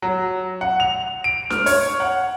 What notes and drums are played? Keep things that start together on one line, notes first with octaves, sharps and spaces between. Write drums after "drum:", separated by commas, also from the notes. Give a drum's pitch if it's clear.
F#3
F#5
F7
D7
F6, drum: snare
C#5, drum: open hi-hat
F#5